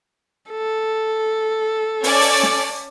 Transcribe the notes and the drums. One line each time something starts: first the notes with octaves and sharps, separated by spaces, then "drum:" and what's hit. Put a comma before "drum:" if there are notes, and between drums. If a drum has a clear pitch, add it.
A4
C#4 D5 A5, drum: open hi-hat
drum: open hi-hat
drum: snare